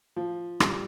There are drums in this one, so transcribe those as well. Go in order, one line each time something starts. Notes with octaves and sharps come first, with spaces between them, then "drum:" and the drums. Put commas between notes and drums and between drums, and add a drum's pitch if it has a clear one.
F3
G3, drum: rim click